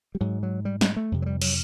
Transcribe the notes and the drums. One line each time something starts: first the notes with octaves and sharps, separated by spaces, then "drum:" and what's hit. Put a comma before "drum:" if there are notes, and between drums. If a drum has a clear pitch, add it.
G3
G#2 F#3
F#3
G3
G#3, drum: snare
A3
F2 C3
F#3
G3
F#3, drum: cymbal